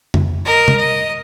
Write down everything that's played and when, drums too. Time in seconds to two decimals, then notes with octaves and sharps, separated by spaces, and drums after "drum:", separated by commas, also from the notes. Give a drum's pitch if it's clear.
0.14 drum: tom F2
0.45 A#4 D#5
0.68 drum: tom C3
0.77 D#5